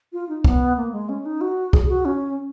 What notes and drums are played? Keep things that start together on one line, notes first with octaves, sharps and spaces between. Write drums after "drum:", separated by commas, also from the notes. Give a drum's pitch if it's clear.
F4
D#4
B3, drum: kick
A#3
G#3
C#4
D#4
F#4
G#4, drum: kick
F#4
C#4